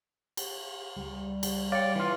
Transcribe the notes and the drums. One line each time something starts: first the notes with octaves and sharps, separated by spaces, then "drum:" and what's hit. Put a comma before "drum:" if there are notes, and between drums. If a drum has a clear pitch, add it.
drum: cymbal
C#2 G3
drum: cymbal
C#5 D5 F5 G5
E3 F4